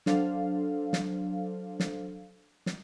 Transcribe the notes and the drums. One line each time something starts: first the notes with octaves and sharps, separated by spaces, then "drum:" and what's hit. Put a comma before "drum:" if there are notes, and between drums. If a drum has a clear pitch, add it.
F#3 D4 A4 C5 F5, drum: snare
drum: snare
drum: snare
drum: snare